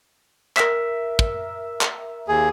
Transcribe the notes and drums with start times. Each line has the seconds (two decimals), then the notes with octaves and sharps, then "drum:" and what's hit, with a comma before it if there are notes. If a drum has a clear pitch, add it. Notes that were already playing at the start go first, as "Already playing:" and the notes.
0.57 A#4 E5, drum: clap
1.19 drum: kick
1.81 drum: clap
2.28 D#2 G#4